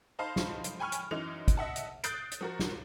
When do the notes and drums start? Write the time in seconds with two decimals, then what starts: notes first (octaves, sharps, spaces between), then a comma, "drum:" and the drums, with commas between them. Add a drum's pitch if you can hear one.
0.19 D#4 C5 F5 A5 B5
0.36 drum: snare
0.64 drum: hi-hat
0.79 G5 G#5 B5 C#6 F6
0.92 drum: hi-hat
1.11 F#2 E3 D#4 F7
1.48 drum: kick, hi-hat
1.57 D#5 E5 F#5 A5
1.76 drum: hi-hat
2.04 D#6 F#6 G6 A6 C7 D7, drum: hi-hat
2.31 drum: hi-hat
2.41 F3 F#4 A#4
2.59 drum: snare